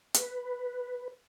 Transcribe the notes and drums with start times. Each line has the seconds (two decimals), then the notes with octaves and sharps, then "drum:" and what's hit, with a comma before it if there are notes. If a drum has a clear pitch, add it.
0.14 B4, drum: hi-hat